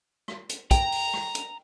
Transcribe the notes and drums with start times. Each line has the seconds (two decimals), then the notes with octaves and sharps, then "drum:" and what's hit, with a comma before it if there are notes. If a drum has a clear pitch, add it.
0.28 drum: rim click
0.49 drum: hi-hat
0.71 G5 A#5, drum: kick, hi-hat
0.92 drum: open hi-hat
1.14 drum: rim click
1.35 drum: hi-hat